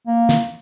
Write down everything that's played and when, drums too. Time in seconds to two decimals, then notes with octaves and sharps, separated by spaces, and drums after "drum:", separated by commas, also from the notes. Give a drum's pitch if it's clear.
0.07 A#3
0.29 drum: snare